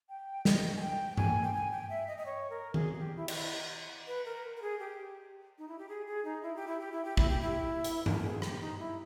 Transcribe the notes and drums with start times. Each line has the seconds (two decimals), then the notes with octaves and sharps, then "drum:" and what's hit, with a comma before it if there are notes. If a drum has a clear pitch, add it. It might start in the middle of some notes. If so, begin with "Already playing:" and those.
0.09 G5
0.45 D#5, drum: snare
0.76 G#5
0.81 G5
1.17 G#5, drum: tom G2
1.43 G5
1.54 G#5
1.71 G5
1.90 E5
2.08 D#5
2.18 D#5
2.26 C#5
2.50 A#4
2.74 G#4, drum: tom D#3
2.93 G#4
2.98 G4
3.17 E4
3.28 G4, drum: cymbal
3.35 E4
4.07 B4
4.25 A#4
4.57 A#4
4.62 G#4
4.79 G4
5.58 D#4
5.68 E4
5.79 G4
5.89 G#4
6.07 G#4
6.25 D#4
6.43 E4
6.56 G4
6.67 E4
6.80 G4
6.92 E4
7.05 G4
7.17 E4, drum: kick
7.29 G4
7.42 E4
7.84 drum: hi-hat
8.06 A#4, drum: tom G2
8.25 G#4
8.42 G4, drum: rim click
8.61 D#4
8.79 E4